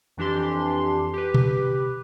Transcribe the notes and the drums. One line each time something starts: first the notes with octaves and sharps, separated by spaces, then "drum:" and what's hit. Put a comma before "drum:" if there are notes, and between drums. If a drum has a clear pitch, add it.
F2 E3 D4 G4 C6
G4 B4
drum: tom B2